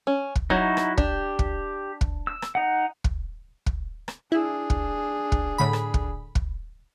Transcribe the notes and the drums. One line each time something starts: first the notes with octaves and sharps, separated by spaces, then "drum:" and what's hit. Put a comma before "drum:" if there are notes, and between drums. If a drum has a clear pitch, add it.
C#4
drum: kick
F#3 D#4 E4 F#4
drum: rim click
D4 G4, drum: kick
drum: kick
drum: kick
E6
drum: rim click
D#4 F#5
drum: kick
drum: kick
drum: rim click
D4 E4 G#4
drum: kick
drum: kick
A2 D3 B5
drum: rim click
drum: kick
drum: kick